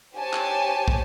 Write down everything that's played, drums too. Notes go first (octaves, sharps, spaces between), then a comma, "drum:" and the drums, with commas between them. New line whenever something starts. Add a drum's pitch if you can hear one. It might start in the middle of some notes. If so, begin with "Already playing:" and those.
G4 C5 C#5 G#5 A5
drum: clap
drum: kick